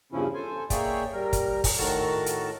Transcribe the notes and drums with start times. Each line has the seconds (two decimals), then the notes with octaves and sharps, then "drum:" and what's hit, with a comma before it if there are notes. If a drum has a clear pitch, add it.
0.12 E2 G2 C#3 F3 C#4 E4
0.34 A4 C5 G#5
0.70 A#3 G#4 C#5 D5 E5 G5, drum: kick, hi-hat
1.13 G3 A#4
1.33 drum: kick, hi-hat
1.64 drum: kick, open hi-hat
1.78 A2 D#3 F#4 A4 A#4 A5
2.26 drum: hi-hat